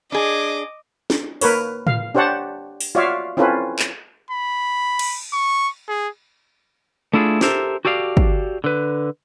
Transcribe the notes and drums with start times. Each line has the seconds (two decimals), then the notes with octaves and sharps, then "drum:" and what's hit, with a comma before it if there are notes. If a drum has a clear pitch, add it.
0.12 D4 G#4 D#5 D6
1.10 drum: snare
1.41 A#3 A#4 B4 C#5, drum: open hi-hat
1.87 F5, drum: tom A2
2.15 D4 G4 C5 C#5 F#5 A5
2.81 drum: open hi-hat
2.95 F4 F#4 C#5 D5 E5 F5
3.37 C4 C#4 E4 F4 A4 B4
3.79 drum: clap
4.30 B5
4.99 drum: cymbal
5.33 C#6
5.88 G#4
7.13 A3 D4 E4 F4 G4 G#4
7.41 G4 A4 A#4 C5 E5, drum: snare
7.85 F#4 G4 A4 D5 F5
8.17 drum: kick
8.64 D3 B4